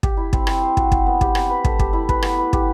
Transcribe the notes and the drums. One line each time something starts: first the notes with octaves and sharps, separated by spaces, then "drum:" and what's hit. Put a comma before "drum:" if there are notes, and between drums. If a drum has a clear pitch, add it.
G4, drum: kick
E4
C4, drum: kick
C4, drum: rim click
C5
F#4, drum: kick
E5, drum: kick
B3
G4, drum: kick
C4, drum: rim click
B4
A3, drum: kick
G4, drum: kick
E4
B4, drum: kick
B3, drum: rim click
B4
G4, drum: kick